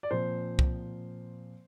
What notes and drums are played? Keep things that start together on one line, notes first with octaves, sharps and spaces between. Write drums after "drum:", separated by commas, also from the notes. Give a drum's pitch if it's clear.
D5
A#2 F3 C4 C5
drum: kick C2